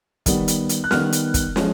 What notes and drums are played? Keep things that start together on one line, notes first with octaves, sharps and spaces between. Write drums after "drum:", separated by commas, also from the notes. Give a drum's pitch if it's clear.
D#3 G3 B3, drum: kick, hi-hat
drum: hi-hat
drum: hi-hat
F#6
D#3 G3 B3 F6, drum: snare
drum: hi-hat
drum: kick, hi-hat
F3 G#3 C#4, drum: snare